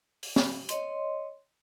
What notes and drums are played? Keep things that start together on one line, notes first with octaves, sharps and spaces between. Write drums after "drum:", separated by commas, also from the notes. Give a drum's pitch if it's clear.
drum: open hi-hat
drum: snare
C#5 D#5 C6, drum: hi-hat